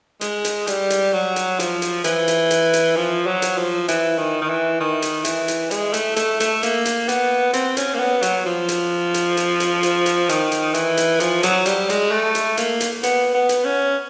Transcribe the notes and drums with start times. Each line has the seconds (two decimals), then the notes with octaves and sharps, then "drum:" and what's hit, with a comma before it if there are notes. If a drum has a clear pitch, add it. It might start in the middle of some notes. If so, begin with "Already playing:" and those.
0.21 G#3, drum: hi-hat
0.45 drum: hi-hat
0.67 G3, drum: hi-hat
0.90 drum: hi-hat
1.13 F#3
1.36 drum: hi-hat
1.60 F3, drum: hi-hat
1.82 drum: hi-hat
2.04 E3, drum: hi-hat
2.28 drum: hi-hat
2.51 drum: hi-hat
2.73 drum: hi-hat
2.97 F3
3.27 F#3
3.42 drum: hi-hat
3.58 F3
3.88 E3, drum: hi-hat
4.18 D#3
4.41 D#3
4.49 E3
4.80 D#3
5.02 drum: hi-hat
5.25 E3, drum: hi-hat
5.48 drum: hi-hat
5.71 G#3, drum: hi-hat
5.94 A3, drum: hi-hat
6.16 A3, drum: hi-hat
6.40 A3, drum: hi-hat
6.63 A#3, drum: hi-hat
6.85 drum: hi-hat
7.09 B3, drum: hi-hat
7.53 C4, drum: hi-hat
7.77 C#4, drum: hi-hat
7.94 A#3
7.99 B3
8.22 F#3, drum: hi-hat
8.46 F3
8.68 drum: hi-hat
9.14 drum: hi-hat
9.37 drum: hi-hat
9.60 drum: hi-hat
9.83 drum: hi-hat
10.06 drum: hi-hat
10.29 D#3, drum: hi-hat
10.52 drum: hi-hat
10.74 E3, drum: hi-hat
10.97 drum: hi-hat
11.20 F3, drum: hi-hat
11.43 F#3, drum: hi-hat
11.66 G3, drum: hi-hat
11.89 G#3, drum: hi-hat
12.11 A3
12.35 drum: hi-hat
12.57 A#3, drum: hi-hat
12.80 drum: hi-hat
13.03 B3, drum: hi-hat
13.34 B3
13.49 drum: hi-hat
13.65 C#4